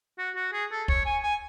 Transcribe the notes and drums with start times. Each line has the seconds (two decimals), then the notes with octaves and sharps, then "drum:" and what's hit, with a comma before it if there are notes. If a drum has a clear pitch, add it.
0.18 F#4
0.35 F#4
0.52 G#4
0.71 A4
0.88 C#5, drum: kick
1.05 G#5
1.23 G#5